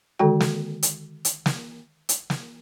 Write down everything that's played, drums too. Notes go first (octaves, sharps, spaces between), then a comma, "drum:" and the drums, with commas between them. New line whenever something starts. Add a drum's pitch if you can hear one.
D3 D#3 G#3 F#4 A4 G5
drum: snare
drum: hi-hat
drum: hi-hat
drum: snare
drum: hi-hat
drum: snare